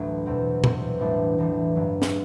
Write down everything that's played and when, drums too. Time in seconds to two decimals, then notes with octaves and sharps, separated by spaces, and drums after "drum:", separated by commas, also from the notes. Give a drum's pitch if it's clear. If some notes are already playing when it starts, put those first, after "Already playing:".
Already playing: A1 D2 A2 D3 F#3
0.25 E2 B2 G3 C4 E4
0.64 E2 B2 G3 C4 E4, drum: tom A#2
0.99 A1 A2 E3 G3 D4
1.38 A1 A2 E3 G3 D4
1.75 G1 G2 D3 F#3 B3
2.02 drum: snare